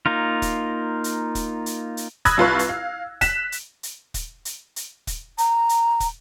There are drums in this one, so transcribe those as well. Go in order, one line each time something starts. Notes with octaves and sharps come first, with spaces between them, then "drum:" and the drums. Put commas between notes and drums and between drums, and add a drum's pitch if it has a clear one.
A#3 D#4 F4
drum: kick, hi-hat
drum: hi-hat
drum: kick, hi-hat
drum: hi-hat
drum: hi-hat
B5 D#6 E6 F#6 G#6 A#6, drum: kick, hi-hat
C2 F4 B4 C#6
drum: hi-hat
F5
F#6 B6 E7, drum: kick, hi-hat
drum: hi-hat
drum: hi-hat
drum: kick, hi-hat
drum: hi-hat
drum: hi-hat
drum: kick, hi-hat
A#5, drum: hi-hat
drum: hi-hat
drum: kick, hi-hat